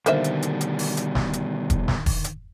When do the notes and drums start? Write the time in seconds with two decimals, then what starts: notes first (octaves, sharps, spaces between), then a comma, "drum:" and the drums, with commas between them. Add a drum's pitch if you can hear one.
0.06 B2 D3 D#3 G3 A#3 C5 E5, drum: hi-hat
0.24 drum: hi-hat
0.42 drum: hi-hat
0.61 drum: hi-hat
0.79 drum: open hi-hat
0.97 drum: hi-hat
1.15 drum: snare
1.33 drum: hi-hat
1.70 drum: kick E1, hi-hat
1.88 drum: snare
2.06 drum: kick E1, open hi-hat
2.24 drum: hi-hat